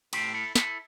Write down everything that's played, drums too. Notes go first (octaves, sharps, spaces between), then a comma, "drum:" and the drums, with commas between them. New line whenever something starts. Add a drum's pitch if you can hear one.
A2 A3 G4 C5, drum: cymbal
E4 A4
E4 A4, drum: snare